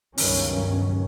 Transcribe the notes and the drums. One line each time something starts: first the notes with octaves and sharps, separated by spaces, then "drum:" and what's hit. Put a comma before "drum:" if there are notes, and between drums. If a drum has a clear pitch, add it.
C#2 G2 B2 D#3 F#3 C#4, drum: open hi-hat